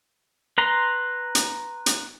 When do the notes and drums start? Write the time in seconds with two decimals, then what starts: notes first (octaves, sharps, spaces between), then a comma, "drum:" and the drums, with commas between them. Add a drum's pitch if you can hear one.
0.58 B4 A#5 C6
1.35 drum: hi-hat
1.86 drum: hi-hat